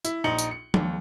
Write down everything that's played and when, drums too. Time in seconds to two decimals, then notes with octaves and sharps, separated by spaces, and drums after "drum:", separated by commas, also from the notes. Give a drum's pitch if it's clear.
0.05 E4, drum: tambourine
0.24 A#1 D#4 C#7 F#7
0.39 drum: tambourine
0.51 C#7
0.74 D#2, drum: tom F3